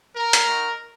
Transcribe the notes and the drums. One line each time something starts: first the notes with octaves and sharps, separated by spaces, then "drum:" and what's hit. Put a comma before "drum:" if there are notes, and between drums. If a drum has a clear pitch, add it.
A#4
drum: hi-hat
G#3 D#4 F#4